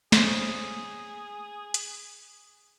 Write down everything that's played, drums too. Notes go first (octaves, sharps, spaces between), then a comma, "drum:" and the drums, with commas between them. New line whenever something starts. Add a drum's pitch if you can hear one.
G#4 C5 C#5, drum: snare
drum: hi-hat